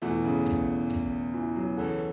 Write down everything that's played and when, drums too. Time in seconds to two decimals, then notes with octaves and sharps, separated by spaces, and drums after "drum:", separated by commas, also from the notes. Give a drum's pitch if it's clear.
0.02 E2 B2 E3 A3 F#4, drum: hi-hat
0.24 C#3
0.46 drum: kick, hi-hat
0.75 drum: hi-hat
0.90 drum: kick, open hi-hat
1.04 drum: hi-hat
1.19 drum: hi-hat
1.34 E3
1.56 F#3
1.77 C#2 C#3 E3 C#4 F#4 A4
1.92 drum: hi-hat